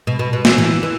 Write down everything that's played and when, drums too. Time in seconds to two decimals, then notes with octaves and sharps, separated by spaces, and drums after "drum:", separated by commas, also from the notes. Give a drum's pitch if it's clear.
0.07 B2
0.19 B2
0.33 B2
0.45 E3, drum: snare
0.58 E3
0.83 E3